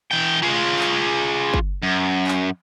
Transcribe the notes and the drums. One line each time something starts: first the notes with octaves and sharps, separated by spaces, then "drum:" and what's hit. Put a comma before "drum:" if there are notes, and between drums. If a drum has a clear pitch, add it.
E3 G5
F4 G#4
drum: clap
drum: kick
F#2
drum: clap